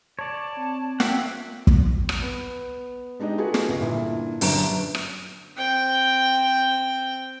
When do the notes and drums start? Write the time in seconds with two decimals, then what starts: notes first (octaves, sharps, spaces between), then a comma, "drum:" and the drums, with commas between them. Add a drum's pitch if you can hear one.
0.19 C#5 D5 A5
0.57 C4
1.00 A#3 E5 F#5 G5, drum: snare
1.67 drum: kick
2.09 drum: rim click
2.22 B3
3.20 G#3 D4 D#4 G4 D#5
3.38 F4 F#4 G#4 A4 B4
3.54 drum: snare
3.69 C#2
3.81 G2 A#2 D3 E4
4.41 G1 F#2 F#3 D4 A#5 D7, drum: open hi-hat
4.95 drum: rim click
5.57 C4 G5